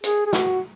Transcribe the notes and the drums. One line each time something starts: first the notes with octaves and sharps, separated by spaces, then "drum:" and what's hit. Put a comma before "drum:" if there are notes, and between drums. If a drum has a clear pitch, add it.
G#4, drum: hi-hat
G#4
F#4, drum: snare